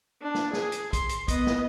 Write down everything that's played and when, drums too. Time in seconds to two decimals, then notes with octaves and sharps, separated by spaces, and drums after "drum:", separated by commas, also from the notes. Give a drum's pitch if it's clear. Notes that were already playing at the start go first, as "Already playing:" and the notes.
0.22 D4
0.35 drum: snare
0.53 G#4, drum: snare
0.72 drum: hi-hat
0.93 C6, drum: kick, hi-hat
1.09 drum: hi-hat
1.28 B3 D#5, drum: kick, hi-hat
1.46 drum: snare